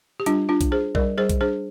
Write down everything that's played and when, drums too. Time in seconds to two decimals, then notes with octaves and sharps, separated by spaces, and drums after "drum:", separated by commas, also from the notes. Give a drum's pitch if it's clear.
0.20 G4
0.26 G3 D4 F4, drum: hi-hat
0.49 D4 F4
0.61 drum: kick B1, hi-hat
0.72 D4 G#4 C5
0.95 G3 A#4 D5, drum: kick B1
1.18 G3 G#4 C5
1.29 drum: kick B1, hi-hat
1.41 D4 G#4 C5